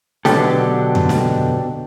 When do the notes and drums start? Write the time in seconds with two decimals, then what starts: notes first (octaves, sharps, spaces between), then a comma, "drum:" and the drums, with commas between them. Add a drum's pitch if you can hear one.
0.25 B2 D3 F#3 D4 G4 A4, drum: snare
0.95 drum: tom F2
1.09 drum: snare